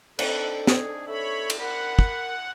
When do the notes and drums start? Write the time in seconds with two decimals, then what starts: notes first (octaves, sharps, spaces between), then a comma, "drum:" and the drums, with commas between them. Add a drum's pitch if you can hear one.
0.19 C4 D4 D#4 A4 B4, drum: cymbal
0.67 G#4, drum: snare
1.08 A4 C#5 E5 B5
1.50 drum: cymbal
1.60 A#4 F#5 B5
1.99 drum: kick